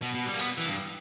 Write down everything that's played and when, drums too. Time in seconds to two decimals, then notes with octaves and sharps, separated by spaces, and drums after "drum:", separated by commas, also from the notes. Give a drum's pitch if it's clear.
0.02 B2
0.14 B2
0.26 G3
0.34 A#3
0.39 B3, drum: tambourine
0.58 E3
0.66 G2